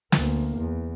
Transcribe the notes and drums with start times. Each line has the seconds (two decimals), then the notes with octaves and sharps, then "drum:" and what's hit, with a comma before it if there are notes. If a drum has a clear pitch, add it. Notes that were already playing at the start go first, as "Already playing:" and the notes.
0.12 D2 A#3, drum: snare
0.57 E2